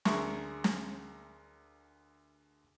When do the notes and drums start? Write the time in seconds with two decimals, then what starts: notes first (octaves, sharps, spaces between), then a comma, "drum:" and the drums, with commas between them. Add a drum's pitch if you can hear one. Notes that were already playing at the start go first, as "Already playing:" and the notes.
0.05 D2 G#4 A#4 E5 C6 C#6, drum: snare
0.64 drum: snare